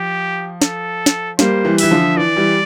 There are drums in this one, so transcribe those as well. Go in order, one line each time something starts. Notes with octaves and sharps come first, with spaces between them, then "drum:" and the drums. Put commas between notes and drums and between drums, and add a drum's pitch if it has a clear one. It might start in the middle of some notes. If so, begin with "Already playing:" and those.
Already playing: F3 G4
A4, drum: snare
drum: snare
G3 A#3 C5, drum: snare
E3 G3
E3 E5, drum: open hi-hat
D3 F3
E3 D5
E3 G3